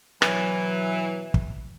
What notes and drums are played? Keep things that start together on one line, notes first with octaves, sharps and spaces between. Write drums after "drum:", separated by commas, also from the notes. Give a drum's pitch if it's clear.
B2 E3 F#3, drum: rim click
drum: kick